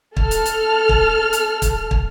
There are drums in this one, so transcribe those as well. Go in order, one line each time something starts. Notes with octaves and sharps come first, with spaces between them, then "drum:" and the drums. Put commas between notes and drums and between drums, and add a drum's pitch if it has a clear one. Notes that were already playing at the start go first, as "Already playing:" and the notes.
A4 F6, drum: kick
drum: hi-hat
drum: hi-hat
drum: kick
drum: hi-hat
drum: kick, hi-hat
drum: kick